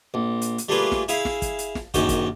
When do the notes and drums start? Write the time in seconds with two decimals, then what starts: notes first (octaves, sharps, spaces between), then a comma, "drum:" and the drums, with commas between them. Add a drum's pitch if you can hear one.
0.14 A#1
0.42 drum: hi-hat
0.58 drum: hi-hat
0.69 G3 A3 A#3 F4 G#4 B4
0.92 drum: snare
1.08 E4 G#4 E5 F5, drum: hi-hat
1.25 drum: snare
1.42 drum: kick, hi-hat
1.59 drum: hi-hat
1.75 drum: snare
1.94 A#1 F#2 D#3 C#4 G5, drum: kick, hi-hat
2.09 drum: kick, hi-hat